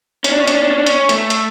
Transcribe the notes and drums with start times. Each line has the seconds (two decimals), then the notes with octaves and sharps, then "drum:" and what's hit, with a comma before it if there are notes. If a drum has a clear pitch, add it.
0.24 C#4, drum: hi-hat
0.32 D4
0.40 C#4
0.47 D4, drum: hi-hat
0.55 C#4
0.63 D4
0.71 C#4
0.78 D4
0.86 C#4, drum: hi-hat
1.09 A3, drum: hi-hat
1.30 drum: hi-hat